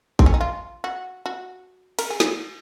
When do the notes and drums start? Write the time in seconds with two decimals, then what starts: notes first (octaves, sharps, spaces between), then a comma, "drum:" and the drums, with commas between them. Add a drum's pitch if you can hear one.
0.19 C4, drum: kick G#1
0.26 C#4
0.34 D#4
0.41 F4
0.84 F#4
1.26 F#4
1.99 A#4, drum: cymbal
2.10 G#4
2.20 drum: snare